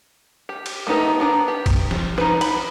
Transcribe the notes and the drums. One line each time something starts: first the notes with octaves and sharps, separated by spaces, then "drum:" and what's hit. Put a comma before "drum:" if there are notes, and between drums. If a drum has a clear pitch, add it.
G4
drum: cymbal
A3 B3 D#4 G4 A#4
B3 D4 A#5
G4
drum: kick, cymbal
drum: snare
D#4 B4, drum: snare
B5, drum: cymbal